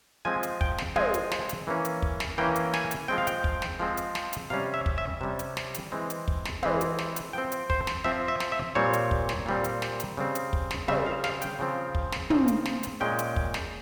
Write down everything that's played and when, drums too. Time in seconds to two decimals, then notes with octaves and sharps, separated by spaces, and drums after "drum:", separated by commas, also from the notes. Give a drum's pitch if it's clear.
0.25 F3 G#3 C4 G#5
0.43 drum: hi-hat
0.61 G5, drum: kick
0.78 drum: snare
0.96 F3 G#3 C4 G#5, drum: tom
1.14 drum: hi-hat
1.32 drum: snare
1.49 drum: hi-hat
1.67 E3 A#3 C#4
1.85 drum: hi-hat
2.02 drum: kick
2.20 drum: snare
2.38 E3 A#3 C#4 G5
2.56 drum: hi-hat
2.74 G#5, drum: snare
2.91 drum: hi-hat
3.08 F3 G#3 C4 G5
3.18 F5
3.27 G5, drum: hi-hat
3.44 drum: kick
3.62 drum: snare
3.80 F3 G#3 C4
3.97 drum: hi-hat
4.15 drum: snare
4.33 drum: hi-hat
4.50 C3 G3 C#4 F5
4.74 E5
4.86 drum: kick
4.98 E5
5.21 C3 G3 C#4
5.39 drum: hi-hat
5.57 drum: snare
5.74 drum: hi-hat
5.92 E3 G#3 C4
6.10 drum: hi-hat
6.28 drum: kick
6.45 drum: snare
6.63 E3 G#3 C4, drum: tom
6.81 drum: hi-hat
6.98 drum: snare
7.16 drum: hi-hat
7.33 F3 C4 G5
7.52 drum: hi-hat
7.70 C5, drum: kick
7.87 drum: snare
8.04 F3 C4 E5
8.28 E5
8.40 drum: snare
8.52 E5
8.75 A#2 G3 C4 C#5
8.93 drum: hi-hat
9.11 drum: kick
9.29 drum: snare
9.46 A#2 G3 C4
9.64 drum: hi-hat
9.82 drum: snare
10.00 drum: hi-hat
10.17 C#3 G3 C4
10.35 drum: hi-hat
10.53 drum: kick
10.71 drum: snare
10.88 C#3 G3 C4 E5, drum: tom
11.06 F5
11.24 F5, drum: snare
11.42 G5, drum: hi-hat
11.59 C#3 F3 C4
11.95 drum: kick
12.12 drum: snare
12.30 C#3 F3 C4, drum: tom
12.48 drum: hi-hat
12.65 drum: snare
12.83 drum: hi-hat
13.00 A#2 G#3 C#4 G5
13.19 drum: hi-hat
13.36 drum: kick
13.54 drum: snare